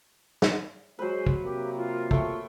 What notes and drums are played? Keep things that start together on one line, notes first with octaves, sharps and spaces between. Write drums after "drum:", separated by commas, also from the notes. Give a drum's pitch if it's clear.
drum: snare
F#3 G#3 B4 C5
drum: kick
C3 A#3 G4
F4
A3 G5 C#6, drum: kick